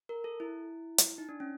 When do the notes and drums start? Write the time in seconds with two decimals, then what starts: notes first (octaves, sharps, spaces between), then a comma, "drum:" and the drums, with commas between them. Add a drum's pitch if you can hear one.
0.09 A#4
0.24 A4
0.40 E4
0.98 drum: hi-hat
1.18 D#4
1.29 D4
1.40 C#4